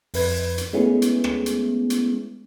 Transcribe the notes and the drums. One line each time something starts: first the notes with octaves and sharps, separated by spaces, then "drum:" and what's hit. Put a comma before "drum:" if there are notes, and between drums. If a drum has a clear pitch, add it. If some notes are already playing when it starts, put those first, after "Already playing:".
F2 B4 G#6, drum: open hi-hat
drum: hi-hat
G#3 A3 B3 C#4 E4 G#4
drum: hi-hat
drum: rim click
drum: hi-hat
drum: hi-hat